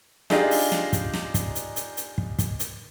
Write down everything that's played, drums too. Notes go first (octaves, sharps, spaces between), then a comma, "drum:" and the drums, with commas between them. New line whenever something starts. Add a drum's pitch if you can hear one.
D4 D#4 F4 G4 G#4 D#5, drum: snare
drum: open hi-hat
drum: snare
drum: kick, hi-hat
drum: snare
drum: kick, hi-hat
drum: hi-hat
drum: hi-hat
drum: hi-hat
drum: kick
drum: kick, hi-hat
drum: hi-hat